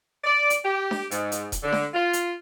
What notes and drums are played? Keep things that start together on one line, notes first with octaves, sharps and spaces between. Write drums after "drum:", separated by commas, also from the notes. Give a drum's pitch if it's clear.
D5
drum: hi-hat
G4
drum: snare D4
G#2, drum: hi-hat
drum: hi-hat
drum: kick D#1, hi-hat
D3
drum: snare D4
F4
drum: hi-hat